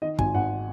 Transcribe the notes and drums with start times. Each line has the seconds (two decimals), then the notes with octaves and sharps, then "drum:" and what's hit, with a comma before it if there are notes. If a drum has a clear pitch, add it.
0.02 D#3 D#5
0.19 G#1 G#5, drum: kick
0.34 G#1 F#5